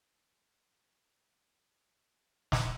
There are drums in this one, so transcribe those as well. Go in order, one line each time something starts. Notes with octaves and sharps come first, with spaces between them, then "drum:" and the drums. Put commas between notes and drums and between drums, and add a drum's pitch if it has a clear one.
B2 C#4 A#4 A5 D6
drum: snare